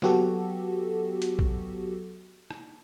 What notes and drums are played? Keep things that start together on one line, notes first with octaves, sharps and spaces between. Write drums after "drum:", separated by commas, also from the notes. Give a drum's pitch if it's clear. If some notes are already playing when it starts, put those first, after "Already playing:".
F#3 B3 F#4 G4 A4, drum: snare
drum: hi-hat
drum: kick A#1
drum: rim click